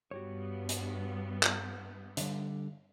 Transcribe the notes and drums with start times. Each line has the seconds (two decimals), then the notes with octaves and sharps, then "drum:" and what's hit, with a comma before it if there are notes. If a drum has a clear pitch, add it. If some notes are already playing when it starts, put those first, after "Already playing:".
0.11 G2 B3 F#4 G4 C#5
0.69 drum: hi-hat
1.43 drum: clap
2.17 D3 G3, drum: hi-hat